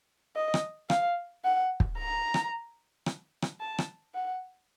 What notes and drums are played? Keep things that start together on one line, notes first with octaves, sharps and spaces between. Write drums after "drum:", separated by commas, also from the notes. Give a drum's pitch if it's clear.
D#5
drum: rim click
F5, drum: rim click
F#5
drum: kick
A#5
drum: rim click
drum: rim click
drum: rim click
A5
drum: rim click
F#5